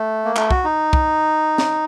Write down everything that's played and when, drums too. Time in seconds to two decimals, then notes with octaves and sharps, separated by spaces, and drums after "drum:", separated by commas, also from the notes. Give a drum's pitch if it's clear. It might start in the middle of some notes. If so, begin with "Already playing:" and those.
Already playing: A3
0.25 A#3
0.36 A3, drum: clap
0.51 F#4, drum: kick
0.64 D#4
0.93 drum: kick
1.58 drum: snare